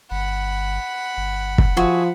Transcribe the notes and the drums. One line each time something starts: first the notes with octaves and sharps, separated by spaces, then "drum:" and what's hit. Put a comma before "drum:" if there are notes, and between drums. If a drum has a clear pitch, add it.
G1 F#5 B5
G1
drum: kick
F3 F#4 G#4 E5